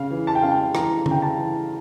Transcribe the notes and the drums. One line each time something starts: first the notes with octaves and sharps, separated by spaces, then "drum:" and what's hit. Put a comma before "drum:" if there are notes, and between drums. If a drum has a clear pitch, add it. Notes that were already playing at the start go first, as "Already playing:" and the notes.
Already playing: C#3 F5
E3
A5
G5
C#3 F5
G5
E3 A#5, drum: rim click
C#3, drum: tom D3
G5
A5
E3